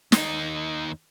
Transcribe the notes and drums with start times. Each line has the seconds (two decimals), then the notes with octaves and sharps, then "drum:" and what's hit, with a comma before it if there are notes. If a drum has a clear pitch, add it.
0.12 D#2 D#4, drum: snare